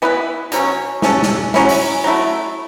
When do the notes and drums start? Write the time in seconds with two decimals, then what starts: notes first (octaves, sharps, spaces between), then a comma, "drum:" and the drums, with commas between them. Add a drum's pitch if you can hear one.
0.02 E3 B3 E4 B4
0.52 B2 F#3 C#4, drum: hi-hat
1.02 F#3 C#4 A4, drum: snare
1.22 drum: snare
1.54 F#3 C#4 E4, drum: snare
1.69 drum: open hi-hat
2.04 F#3 A3 E4